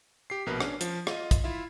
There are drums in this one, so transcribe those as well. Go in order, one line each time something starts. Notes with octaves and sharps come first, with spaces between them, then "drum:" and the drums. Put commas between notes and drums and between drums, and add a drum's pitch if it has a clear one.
G4 C7
A#1 B2 A#4 B4
C#4 D4, drum: rim click
F3, drum: hi-hat
F4 D#5, drum: rim click
drum: kick, hi-hat
E4 F4 E5